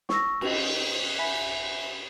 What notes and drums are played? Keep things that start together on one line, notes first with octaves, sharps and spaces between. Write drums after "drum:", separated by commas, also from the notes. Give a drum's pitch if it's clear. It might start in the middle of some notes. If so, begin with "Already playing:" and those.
C#6 E6 A#6, drum: snare
F#4 D#5, drum: cymbal
E5 G#5 B5 B6